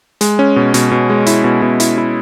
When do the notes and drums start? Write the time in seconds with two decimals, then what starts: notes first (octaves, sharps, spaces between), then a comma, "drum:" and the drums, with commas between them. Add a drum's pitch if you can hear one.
0.21 G#3, drum: hi-hat
0.39 C#4
0.56 B2
0.74 B2, drum: hi-hat
0.92 B2
1.10 G#3
1.26 E4, drum: hi-hat
1.44 B2
1.62 B2
1.80 E4, drum: hi-hat
1.98 E4